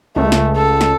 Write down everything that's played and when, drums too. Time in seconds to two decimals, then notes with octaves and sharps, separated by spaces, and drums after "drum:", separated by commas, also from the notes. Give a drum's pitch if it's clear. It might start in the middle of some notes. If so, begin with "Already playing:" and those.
0.16 C#2 A3
0.32 drum: snare
0.56 A4
0.81 drum: snare